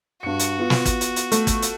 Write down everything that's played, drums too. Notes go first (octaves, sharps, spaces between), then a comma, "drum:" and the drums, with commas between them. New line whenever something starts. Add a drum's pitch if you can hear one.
G2 F#4 C#7
drum: hi-hat
B3 F4
drum: snare
drum: kick, hi-hat
drum: hi-hat
drum: hi-hat
A3, drum: hi-hat
drum: kick, hi-hat
drum: hi-hat